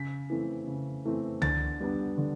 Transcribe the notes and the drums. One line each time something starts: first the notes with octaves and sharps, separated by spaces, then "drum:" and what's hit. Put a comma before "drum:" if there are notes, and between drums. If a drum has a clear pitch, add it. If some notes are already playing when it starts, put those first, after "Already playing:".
Already playing: C#3 B6
E3 A3 C4
C#3
E3 A3 C4
D3 A6, drum: tom C#2
G3 B3 D4
D3